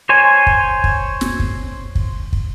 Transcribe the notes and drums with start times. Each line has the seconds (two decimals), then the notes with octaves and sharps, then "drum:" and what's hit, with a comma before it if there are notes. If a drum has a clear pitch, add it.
0.09 C5 C#5 G#5
0.47 drum: kick
0.84 drum: kick
1.21 drum: snare
1.40 drum: kick
1.95 drum: kick
2.33 drum: kick